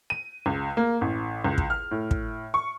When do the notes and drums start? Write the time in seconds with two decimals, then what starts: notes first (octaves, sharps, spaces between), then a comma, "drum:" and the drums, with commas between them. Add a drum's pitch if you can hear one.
0.10 D#7
0.46 C#2
0.77 A#3
1.01 A1
1.44 C#2
1.58 drum: kick
1.70 F6
1.91 A2
2.11 drum: kick
2.54 C#6